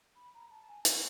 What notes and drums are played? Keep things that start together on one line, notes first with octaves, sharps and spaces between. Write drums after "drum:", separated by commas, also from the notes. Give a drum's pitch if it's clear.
B5
A#5
A5
G#5
A5, drum: hi-hat